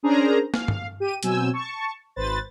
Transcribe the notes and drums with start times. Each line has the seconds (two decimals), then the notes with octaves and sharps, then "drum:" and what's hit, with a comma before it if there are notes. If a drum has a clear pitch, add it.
0.03 C#4 D4 G#4 A#4 C5 A#5
0.54 F5, drum: snare
0.68 drum: tom G2
1.00 G4 D#7
1.23 B2 F#3 C4 G#5 E6 G6, drum: hi-hat
1.53 A5 C#6
2.16 G#1 B4 C5 A6